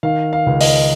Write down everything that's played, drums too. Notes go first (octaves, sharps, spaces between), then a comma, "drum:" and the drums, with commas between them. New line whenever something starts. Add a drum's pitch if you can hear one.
D#3 F5
F5
C#2
D#5, drum: open hi-hat